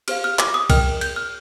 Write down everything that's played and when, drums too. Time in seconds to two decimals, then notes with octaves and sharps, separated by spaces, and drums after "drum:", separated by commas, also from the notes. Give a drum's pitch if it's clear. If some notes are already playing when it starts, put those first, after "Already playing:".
0.08 G4 C5 F5 F6, drum: cymbal
0.24 F6
0.39 D6, drum: clap
0.54 D#6
0.70 A#4 D#5 G5 F6, drum: kick, cymbal
1.01 G6, drum: cymbal
1.16 F6